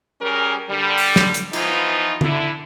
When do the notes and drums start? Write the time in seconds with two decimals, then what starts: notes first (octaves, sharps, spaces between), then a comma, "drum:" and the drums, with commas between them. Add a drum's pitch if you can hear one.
0.21 G3 C#4 G#4 A#4
0.70 D3 G3
0.98 drum: open hi-hat
1.16 drum: snare
1.34 drum: hi-hat
1.53 E3 F3 B3 D#4 F4, drum: cymbal
2.21 D3 E4, drum: tom D3